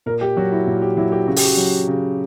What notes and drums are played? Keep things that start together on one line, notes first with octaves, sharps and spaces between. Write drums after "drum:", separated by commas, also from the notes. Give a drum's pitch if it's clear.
A#2 A#4
G4
F#3 F#4
E4
A#2
G4
F#3 E4
G4
C#3 F#4
G4, drum: open hi-hat
F#4
F#3
C#3